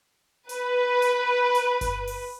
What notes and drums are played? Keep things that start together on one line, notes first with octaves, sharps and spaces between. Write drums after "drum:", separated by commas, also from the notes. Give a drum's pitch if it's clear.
B4, drum: hi-hat
drum: hi-hat
drum: hi-hat
drum: kick G1, hi-hat
drum: open hi-hat